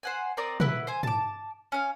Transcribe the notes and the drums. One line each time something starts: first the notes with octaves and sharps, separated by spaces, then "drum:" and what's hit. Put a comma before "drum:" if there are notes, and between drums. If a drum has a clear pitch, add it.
C5 F#5 G#5
C4 A#4 D5 D#6
E4 B4 F#5, drum: tom
C5 G#5
A5 D6, drum: tom
C#4 F5